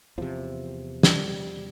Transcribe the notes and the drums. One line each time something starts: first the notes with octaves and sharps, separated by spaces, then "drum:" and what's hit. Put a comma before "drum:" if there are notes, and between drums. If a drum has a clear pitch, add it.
E2 C3 F3
G3, drum: snare